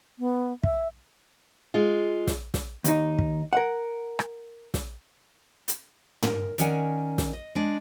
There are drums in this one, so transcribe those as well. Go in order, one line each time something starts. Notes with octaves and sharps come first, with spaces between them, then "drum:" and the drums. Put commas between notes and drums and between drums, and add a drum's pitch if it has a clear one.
B3
E5, drum: kick
G#3 F4
drum: snare
drum: snare
D#2 D#4, drum: hi-hat
drum: kick
A#4 F#5
drum: rim click
drum: snare
drum: hi-hat
A#4, drum: tom
D#3 C#4 A#4 D5 F#5 G#5, drum: hi-hat
drum: snare
D#5
G#3 D4